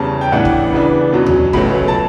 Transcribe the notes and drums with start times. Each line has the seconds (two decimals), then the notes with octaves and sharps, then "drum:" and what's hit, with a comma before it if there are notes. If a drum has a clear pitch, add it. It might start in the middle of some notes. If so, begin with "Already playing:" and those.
Already playing: E2 C#3 G3 C#4 A5
0.21 G5
0.32 A2 E3 B3 D4 F#5
0.45 drum: kick
0.72 C#3 E3 B3 D4
1.12 E2 B2 F#3 C#4
1.26 drum: tom D2
1.53 C#2 B2 F#3 A3 C#4 B5, drum: kick
1.88 A5